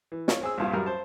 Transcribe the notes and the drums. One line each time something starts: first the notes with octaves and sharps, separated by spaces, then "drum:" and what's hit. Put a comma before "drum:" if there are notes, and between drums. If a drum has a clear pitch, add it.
E3
F4 C#5, drum: snare
C4 G#4 E6
C2 G2 A#2
F#2 G3 A#4 F6
C5 A5